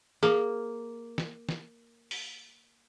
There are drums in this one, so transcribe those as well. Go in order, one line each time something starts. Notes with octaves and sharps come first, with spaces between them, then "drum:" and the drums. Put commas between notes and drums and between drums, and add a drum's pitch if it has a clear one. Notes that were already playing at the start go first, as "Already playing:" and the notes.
A#3 G#4, drum: snare
drum: snare
drum: snare
drum: open hi-hat